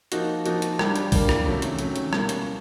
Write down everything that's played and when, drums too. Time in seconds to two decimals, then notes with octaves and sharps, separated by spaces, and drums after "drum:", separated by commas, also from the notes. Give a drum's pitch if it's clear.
0.12 F3 A#3 D#4 F#4, drum: hi-hat
0.46 F3 A#3 D#4 F#4, drum: hi-hat
0.62 drum: hi-hat
0.79 G3 A#3 D4 G4 A#4, drum: rim click
0.96 drum: hi-hat
1.12 G3 A#3 D4 G4 A#4, drum: kick B1, open hi-hat
1.29 drum: rim click
1.45 C3 D#3 F#3 A3 C#4
1.62 drum: hi-hat
1.79 C3 D#3 F#3 A3 C#4, drum: hi-hat
1.96 drum: hi-hat
2.13 B2 G3 A#3 C#4, drum: rim click
2.29 drum: hi-hat